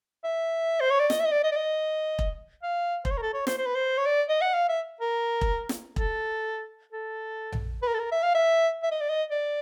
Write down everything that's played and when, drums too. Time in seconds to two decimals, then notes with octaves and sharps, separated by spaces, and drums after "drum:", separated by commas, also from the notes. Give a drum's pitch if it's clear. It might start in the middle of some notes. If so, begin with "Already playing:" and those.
0.24 E5
0.81 C5
0.91 C#5
1.00 D5
1.10 D#5, drum: snare
1.20 E5
1.26 D#5
1.31 D5
1.44 D#5
1.52 D5
1.56 D#5
2.19 drum: kick E1
2.63 F5
3.05 C5, drum: kick E1
3.11 C#5
3.18 A#4
3.22 A4
3.34 C#5
3.47 C5, drum: snare
3.58 C5
3.66 B4
3.75 C5
3.98 C#5
4.06 D5
4.29 D#5
4.42 F#5
4.54 F5
4.69 E5
5.01 A#4
5.41 drum: kick E1
5.69 drum: snare
5.96 A4, drum: kick E1
6.92 A4
7.52 drum: tom A#1
7.82 B4
7.87 A#4
7.94 A4
7.99 A#4
8.12 E5
8.23 F5
8.35 E5
8.83 E5
8.91 D#5
9.01 D5
9.09 D#5
9.31 D5